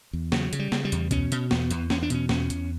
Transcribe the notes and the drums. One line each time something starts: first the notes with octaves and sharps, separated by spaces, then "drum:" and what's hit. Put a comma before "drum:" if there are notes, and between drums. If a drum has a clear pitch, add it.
E2
C#3 F#3, drum: snare
C#3, drum: hi-hat
G3
C#3, drum: snare
G3
E2, drum: hi-hat
B2 C#4, drum: kick C2, hi-hat
B2, drum: hi-hat
E2 B3, drum: snare
E2, drum: hi-hat
E2 C#4, drum: snare
D4
B2 C#4, drum: hi-hat
E2 C#4, drum: snare
E2, drum: hi-hat